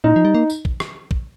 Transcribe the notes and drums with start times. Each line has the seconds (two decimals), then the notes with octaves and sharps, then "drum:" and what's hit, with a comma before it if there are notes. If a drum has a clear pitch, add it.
0.04 A#2 D#4
0.16 F3
0.25 G3
0.35 A#3
0.50 drum: tambourine
0.65 drum: kick
0.80 drum: rim click
1.11 drum: kick